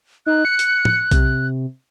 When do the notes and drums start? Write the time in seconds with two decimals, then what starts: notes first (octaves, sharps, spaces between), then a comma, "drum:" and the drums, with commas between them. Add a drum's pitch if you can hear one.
0.26 D#4 F#6
0.45 C#7
0.59 drum: hi-hat
0.85 drum: tom
1.11 C3, drum: kick B1, hi-hat